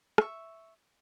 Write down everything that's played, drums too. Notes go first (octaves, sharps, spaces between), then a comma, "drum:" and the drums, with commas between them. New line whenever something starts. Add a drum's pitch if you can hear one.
E5 C#6, drum: rim click